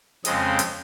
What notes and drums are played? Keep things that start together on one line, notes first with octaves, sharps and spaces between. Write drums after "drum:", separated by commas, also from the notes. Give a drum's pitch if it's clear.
F2 C#3 G#3 C4 D#5, drum: hi-hat
drum: hi-hat